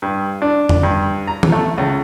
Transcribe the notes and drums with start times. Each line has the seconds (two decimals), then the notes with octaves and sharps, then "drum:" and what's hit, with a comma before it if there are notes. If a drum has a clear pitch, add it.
0.02 G2
0.42 D4
0.69 drum: tom F2
0.83 G2
1.27 A#5
1.43 drum: tom
1.52 A3
1.78 C#2